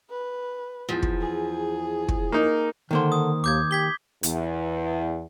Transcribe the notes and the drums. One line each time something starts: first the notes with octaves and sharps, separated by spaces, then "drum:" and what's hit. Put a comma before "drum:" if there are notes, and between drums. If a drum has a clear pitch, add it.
B4
E2 F3
drum: kick
G#4
drum: kick
A#3 D#4
D3 D#3 A#3 C5
D#6
D#2 D6 G6 G#6
G4 G#6 B6 G7
E2, drum: hi-hat